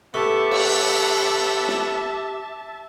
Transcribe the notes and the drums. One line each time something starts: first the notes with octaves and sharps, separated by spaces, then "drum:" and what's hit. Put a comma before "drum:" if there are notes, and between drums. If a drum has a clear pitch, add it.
A3 B3 G4 E5 A5
drum: cymbal
drum: snare